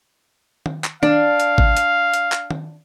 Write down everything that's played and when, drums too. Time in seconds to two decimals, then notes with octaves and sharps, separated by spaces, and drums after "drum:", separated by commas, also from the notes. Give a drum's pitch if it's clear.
0.66 drum: tom D#3
0.84 drum: clap
1.03 D4 F5, drum: tom D#3
1.40 drum: hi-hat
1.58 drum: kick G#1
1.77 drum: hi-hat
2.14 drum: hi-hat
2.32 drum: clap
2.51 drum: tom D#3